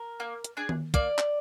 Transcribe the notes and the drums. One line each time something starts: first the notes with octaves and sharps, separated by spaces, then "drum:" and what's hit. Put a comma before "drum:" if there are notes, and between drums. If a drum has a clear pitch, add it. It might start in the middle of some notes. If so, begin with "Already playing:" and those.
Already playing: A#4
A#3
drum: hi-hat
D4 G#4
drum: tom D#3
A#3 D5, drum: kick, hi-hat
drum: clap